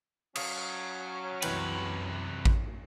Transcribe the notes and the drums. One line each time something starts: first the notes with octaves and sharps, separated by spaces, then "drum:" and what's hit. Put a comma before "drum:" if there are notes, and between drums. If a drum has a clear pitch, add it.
F#3 C#4 F5 C#6 D#6, drum: cymbal
C2 F#2 C3 E3 B4 G5, drum: cymbal
drum: kick A1